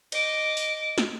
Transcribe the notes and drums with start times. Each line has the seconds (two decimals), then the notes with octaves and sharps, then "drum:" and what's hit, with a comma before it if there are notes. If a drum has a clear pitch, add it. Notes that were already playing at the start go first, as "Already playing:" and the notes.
0.12 D#5 D6, drum: cymbal
0.57 drum: open hi-hat
0.98 drum: snare